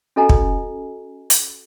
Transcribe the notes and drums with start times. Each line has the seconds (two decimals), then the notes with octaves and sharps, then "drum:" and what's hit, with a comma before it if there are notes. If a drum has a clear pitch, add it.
0.16 C#4 F#4 A4 D#5 G#5 A#5
0.29 drum: kick
1.30 drum: hi-hat